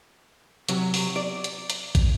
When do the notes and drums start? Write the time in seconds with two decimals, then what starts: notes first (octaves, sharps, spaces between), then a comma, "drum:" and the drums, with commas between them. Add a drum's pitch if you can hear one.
0.69 C3 F#3, drum: hi-hat
0.94 drum: open hi-hat
1.16 D5
1.44 drum: hi-hat
1.70 drum: hi-hat
1.95 drum: kick, hi-hat